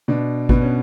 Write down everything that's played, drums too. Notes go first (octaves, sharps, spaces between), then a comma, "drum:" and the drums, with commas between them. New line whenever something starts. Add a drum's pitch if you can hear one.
B2 D4
B2 B3, drum: kick G#1
C#4